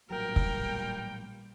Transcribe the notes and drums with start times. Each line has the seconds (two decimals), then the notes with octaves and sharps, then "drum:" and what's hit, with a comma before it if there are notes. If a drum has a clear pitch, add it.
0.11 A1 A#2 F#3 G3 A#4 G5
0.36 drum: kick